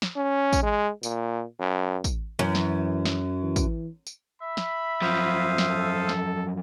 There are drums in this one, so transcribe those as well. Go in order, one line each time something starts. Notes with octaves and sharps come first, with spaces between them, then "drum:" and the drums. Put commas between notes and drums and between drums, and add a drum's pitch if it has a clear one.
drum: snare
C#4
drum: kick, tambourine
G#3
A#2, drum: tambourine
F#2
drum: kick, tambourine
F#2 E3
drum: snare
drum: snare
E3
drum: kick, tambourine
drum: tambourine
E5 B5
drum: snare
F#2 F3 C5 F5 D#6
drum: snare
A4
drum: snare